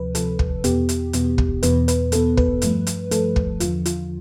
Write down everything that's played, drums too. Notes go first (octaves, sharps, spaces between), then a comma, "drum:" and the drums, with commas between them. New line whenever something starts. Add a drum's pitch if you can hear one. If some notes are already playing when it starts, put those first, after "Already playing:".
Already playing: D2 C3 F3 B4
D2 C3 F3 A4, drum: hi-hat
drum: kick
E2 B2 B3 G4, drum: hi-hat
drum: hi-hat
E2 B2 B3, drum: hi-hat
drum: kick
E2 B2 B3 B4, drum: hi-hat
B4, drum: hi-hat
E2 B2 B3 A4, drum: hi-hat
B4, drum: kick
G2 F3 A3, drum: hi-hat
drum: hi-hat
G2 F3 A3 A4, drum: hi-hat
drum: kick
E2 D3 F3 F4, drum: hi-hat
F4, drum: hi-hat